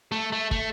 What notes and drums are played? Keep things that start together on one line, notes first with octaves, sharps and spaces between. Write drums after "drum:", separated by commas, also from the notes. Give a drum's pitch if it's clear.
A3
A3
A3, drum: kick